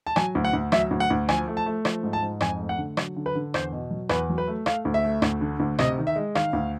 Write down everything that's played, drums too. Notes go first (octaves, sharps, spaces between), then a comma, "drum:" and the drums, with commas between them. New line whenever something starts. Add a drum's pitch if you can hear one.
A5
F#3 G#5, drum: rim click
D2
F#5
D2
F#3 E5, drum: rim click
D2
F#5
D2
F3 G#5, drum: rim click
A3
A5
A3
F3, drum: rim click
G#2
A5
G#2
F2 G#5, drum: rim click
A3
F#5
D3
F#3, drum: rim click
D3
B4
D3
E2 C5, drum: rim click
B2
F#3
E2 B4, drum: rim click
F#3
B4
A3
A3 F5, drum: rim click
D2
E5
A3
D2, drum: rim click
D3
D2
C3 D#5, drum: rim click
D#3
E5
G#3
D#3 F5, drum: rim click
D2